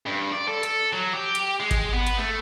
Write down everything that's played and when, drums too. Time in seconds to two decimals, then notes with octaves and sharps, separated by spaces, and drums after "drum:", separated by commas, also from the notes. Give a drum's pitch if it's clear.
0.06 G2
0.32 D5
0.48 A4
0.63 A4, drum: hi-hat
0.93 F#3
1.13 G4
1.35 drum: hi-hat
1.60 G#3
1.71 drum: kick G#1, hi-hat
1.93 B3
2.07 drum: hi-hat
2.17 A3